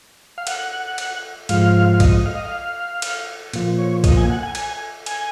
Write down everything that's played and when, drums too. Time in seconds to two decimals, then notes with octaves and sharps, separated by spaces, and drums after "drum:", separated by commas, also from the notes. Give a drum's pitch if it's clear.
0.38 F5
0.47 F#5, drum: cymbal
0.98 drum: cymbal
1.49 G#2 F3 F5, drum: cymbal
1.94 F5
2.00 D#5, drum: kick, cymbal
2.26 F5
2.35 D#5
2.45 F5
3.02 drum: cymbal
3.53 A#2 F3, drum: cymbal
3.78 C#5
4.04 D#5, drum: kick, cymbal
4.17 G#5
4.30 F#5
4.43 G#5
4.55 G#5, drum: cymbal
5.06 G#5, drum: cymbal